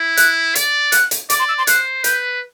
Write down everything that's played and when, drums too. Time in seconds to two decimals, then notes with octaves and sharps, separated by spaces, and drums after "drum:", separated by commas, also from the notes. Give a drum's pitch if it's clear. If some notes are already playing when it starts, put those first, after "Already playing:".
Already playing: E4
0.17 F#6, drum: hi-hat
0.55 D5, drum: hi-hat
0.92 F#6, drum: hi-hat
1.11 drum: hi-hat
1.30 D5 D6, drum: hi-hat
1.39 C6
1.49 E6
1.58 C6
1.67 C5 F#6, drum: hi-hat
2.04 B4 G6, drum: hi-hat